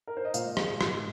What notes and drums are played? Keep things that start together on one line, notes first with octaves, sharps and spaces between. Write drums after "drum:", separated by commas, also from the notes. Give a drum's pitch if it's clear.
A#4
C5
D#5
A#2 F5, drum: tambourine
G#3, drum: rim click
G#2, drum: rim click